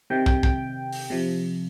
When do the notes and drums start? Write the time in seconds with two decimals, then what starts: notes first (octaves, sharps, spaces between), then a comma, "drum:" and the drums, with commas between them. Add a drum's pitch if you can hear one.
0.10 C3 D#3 G5
0.26 G5, drum: kick
0.43 G5, drum: kick
0.93 drum: open hi-hat
1.10 C3 F3